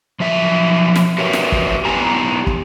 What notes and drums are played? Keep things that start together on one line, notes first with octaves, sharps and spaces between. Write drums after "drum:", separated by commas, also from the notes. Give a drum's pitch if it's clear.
F3 F#3 E5
drum: snare
F#4 G4 A#4 B4 C#5 E5
drum: snare
drum: kick
B3 E4 G4 G#5 A#5
drum: kick